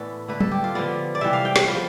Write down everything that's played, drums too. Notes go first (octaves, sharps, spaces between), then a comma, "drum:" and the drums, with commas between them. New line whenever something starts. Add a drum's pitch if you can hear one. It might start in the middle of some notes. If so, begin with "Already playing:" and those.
Already playing: A2 E3 B3 A4 B4 D5
D3 A3 B4
A4, drum: tom
G4
F4
D3 F3 B3 D5
D5
C3 E3 G3 E5
F5
G5
C5, drum: snare
F3 B3